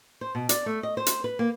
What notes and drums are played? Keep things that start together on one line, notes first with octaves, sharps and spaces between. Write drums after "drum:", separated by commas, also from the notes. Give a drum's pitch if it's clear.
C5
B2
D5, drum: hi-hat
A3
D#5
C5
drum: hi-hat
B4
A#3